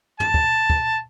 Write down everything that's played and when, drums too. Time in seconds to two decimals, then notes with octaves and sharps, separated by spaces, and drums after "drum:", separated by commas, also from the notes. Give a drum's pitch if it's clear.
0.20 A5, drum: tom
0.34 drum: kick
0.70 drum: kick